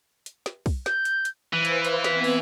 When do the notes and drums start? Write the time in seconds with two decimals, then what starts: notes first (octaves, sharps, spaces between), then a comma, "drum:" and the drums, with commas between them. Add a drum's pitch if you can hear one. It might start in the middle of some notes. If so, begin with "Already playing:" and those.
0.26 drum: hi-hat
0.46 drum: snare
0.66 drum: kick, open hi-hat
0.86 G6, drum: snare
1.05 drum: hi-hat
1.25 drum: hi-hat
1.53 E3 B4 C5 F5 D#7
1.65 drum: hi-hat
1.85 drum: hi-hat
2.04 B3 C4 G#6 B6, drum: snare
2.24 drum: open hi-hat